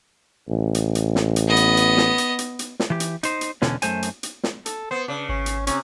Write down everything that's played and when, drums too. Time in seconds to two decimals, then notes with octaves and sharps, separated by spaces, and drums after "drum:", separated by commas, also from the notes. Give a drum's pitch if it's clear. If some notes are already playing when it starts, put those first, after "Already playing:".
0.49 A1
0.75 drum: hi-hat
0.95 drum: hi-hat
1.16 drum: snare
1.36 drum: hi-hat
1.47 B3 D#5
1.57 drum: hi-hat
1.77 drum: hi-hat
1.98 drum: snare
2.18 drum: hi-hat
2.39 drum: hi-hat
2.59 drum: hi-hat
2.80 drum: snare
2.90 E3 G4
3.00 drum: hi-hat
3.23 D#4 C5, drum: hi-hat
3.41 drum: hi-hat
3.62 E2 B2 D3 C#4, drum: snare
3.82 F#2 E3 A3 C5 G#5, drum: hi-hat
4.03 drum: hi-hat
4.23 drum: hi-hat
4.44 drum: snare
4.66 A4, drum: hi-hat
4.91 B3 C5
5.08 C#3 D4
5.29 G#1 C#4
5.46 drum: hi-hat
5.67 C3 C#4, drum: hi-hat